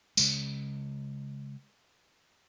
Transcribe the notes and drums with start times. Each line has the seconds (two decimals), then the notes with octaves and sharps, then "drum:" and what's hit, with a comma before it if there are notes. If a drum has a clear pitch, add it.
0.17 C#3 G#3, drum: tambourine